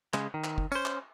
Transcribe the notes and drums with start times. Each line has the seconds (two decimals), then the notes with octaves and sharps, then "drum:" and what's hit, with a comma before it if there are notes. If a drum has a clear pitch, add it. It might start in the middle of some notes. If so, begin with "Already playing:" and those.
0.14 C#3 G#3, drum: clap
0.34 D#3
0.44 drum: clap
0.58 drum: kick
0.72 C#4 C5, drum: tambourine
0.85 drum: clap